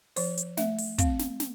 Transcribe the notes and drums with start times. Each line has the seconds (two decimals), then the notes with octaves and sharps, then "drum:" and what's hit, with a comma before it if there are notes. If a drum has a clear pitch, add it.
0.16 F3 C5, drum: open hi-hat
0.37 drum: hi-hat
0.57 A3 E5, drum: snare
0.78 drum: open hi-hat
0.98 C4 F5, drum: kick, hi-hat
1.19 drum: snare
1.40 drum: snare